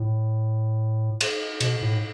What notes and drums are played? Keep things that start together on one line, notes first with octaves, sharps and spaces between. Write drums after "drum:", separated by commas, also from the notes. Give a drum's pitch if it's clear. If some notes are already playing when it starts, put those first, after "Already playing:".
Already playing: A2
drum: cymbal
B2, drum: cymbal
A2